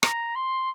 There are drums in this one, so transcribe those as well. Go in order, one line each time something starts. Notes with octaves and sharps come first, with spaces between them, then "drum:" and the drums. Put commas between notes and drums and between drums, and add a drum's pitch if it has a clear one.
A#5, drum: rim click
C6